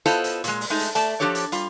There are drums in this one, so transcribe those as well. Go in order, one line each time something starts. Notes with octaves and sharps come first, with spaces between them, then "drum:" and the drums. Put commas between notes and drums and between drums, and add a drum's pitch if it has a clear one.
B3 E4 F4 A4 C5 D#5, drum: hi-hat
drum: hi-hat
A#2 G#3, drum: hi-hat
drum: open hi-hat
G#3 A3 D#4
drum: hi-hat
A3 D5 A5, drum: hi-hat
F3 D4 G4 A4 C#5
drum: hi-hat
G3 F4, drum: hi-hat